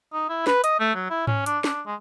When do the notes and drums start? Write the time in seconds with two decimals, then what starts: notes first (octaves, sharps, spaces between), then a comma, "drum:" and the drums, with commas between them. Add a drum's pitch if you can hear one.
0.13 D#4
0.29 E4
0.47 B4, drum: snare
0.64 D#5, drum: hi-hat
0.80 A3
0.95 F#3
1.10 E4
1.27 C#4, drum: tom G#2
1.46 D4, drum: hi-hat
1.64 D4, drum: snare
1.86 G#3